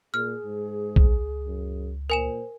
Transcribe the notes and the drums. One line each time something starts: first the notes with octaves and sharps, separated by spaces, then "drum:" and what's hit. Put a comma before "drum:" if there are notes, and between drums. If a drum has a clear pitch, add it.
A#2 G#4 F6
G#2
C#2, drum: kick A#1
F#2
A#2 A#4 C5 G#5 E7